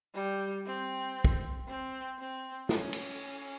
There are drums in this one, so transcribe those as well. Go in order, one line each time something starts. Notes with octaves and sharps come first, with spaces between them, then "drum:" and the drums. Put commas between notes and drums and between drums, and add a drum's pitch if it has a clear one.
G3
C4
drum: kick
C4
C4
C#4, drum: snare
drum: cymbal